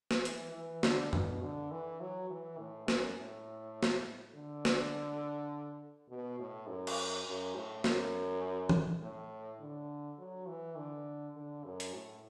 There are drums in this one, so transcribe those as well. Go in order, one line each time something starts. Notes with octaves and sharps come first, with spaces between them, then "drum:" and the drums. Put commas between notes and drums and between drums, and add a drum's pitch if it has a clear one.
drum: snare
E3, drum: hi-hat
E3
D3, drum: snare
B2, drum: tom F#2
D3
E3
F#3
E3
A2
F#2, drum: snare
A2
drum: snare
D3
drum: snare
B2
A2
F#2
drum: cymbal
F#2
A2
F#2, drum: snare
drum: tom E3
A2
D3
F#3
E3
D3
D3
F#2
drum: hi-hat
A2